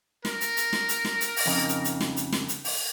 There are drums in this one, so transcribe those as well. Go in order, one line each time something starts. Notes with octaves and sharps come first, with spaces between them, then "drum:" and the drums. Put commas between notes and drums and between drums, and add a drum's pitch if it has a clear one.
A#4, drum: snare
drum: hi-hat
drum: hi-hat
drum: snare
drum: hi-hat
drum: snare
drum: hi-hat
drum: open hi-hat
F2 C#3 D#4
drum: hi-hat
drum: hi-hat
drum: snare
drum: hi-hat
drum: snare
drum: hi-hat
drum: open hi-hat